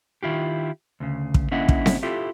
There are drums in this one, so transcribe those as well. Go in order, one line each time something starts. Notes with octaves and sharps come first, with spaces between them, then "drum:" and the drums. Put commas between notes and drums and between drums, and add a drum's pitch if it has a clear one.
D#3 E4 F4 G4
D2 C#3
drum: kick
D3 A#3 C#4 E4 D#5 F#5
drum: kick
drum: snare C4
E4 F4 G4 A4